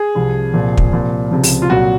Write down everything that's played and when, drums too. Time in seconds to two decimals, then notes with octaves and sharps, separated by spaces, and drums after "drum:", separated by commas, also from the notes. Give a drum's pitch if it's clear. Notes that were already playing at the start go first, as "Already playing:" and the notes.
Already playing: G#4
0.15 C2 C3 F3
0.53 C2 A#2 F3
0.77 drum: kick
0.92 C2 A#2 F3
1.31 C#2 C3 F3
1.43 drum: open hi-hat
1.62 F4
1.69 C2 A#2 F#3 F#4